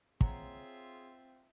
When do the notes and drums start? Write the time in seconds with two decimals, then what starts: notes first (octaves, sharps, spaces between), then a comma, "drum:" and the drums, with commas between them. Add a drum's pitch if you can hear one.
0.21 C4 F4 G#4 C#5 E5 F#5 A#5, drum: kick